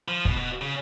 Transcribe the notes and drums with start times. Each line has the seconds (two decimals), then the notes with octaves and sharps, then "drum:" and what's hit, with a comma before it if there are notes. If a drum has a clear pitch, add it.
0.08 F3
0.25 B2, drum: kick
0.37 B2
0.61 C#3